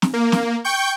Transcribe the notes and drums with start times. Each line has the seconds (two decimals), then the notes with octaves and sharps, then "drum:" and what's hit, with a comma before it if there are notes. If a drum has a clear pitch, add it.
0.02 drum: snare
0.14 A#3
0.32 drum: snare
0.64 G5 C#6 G6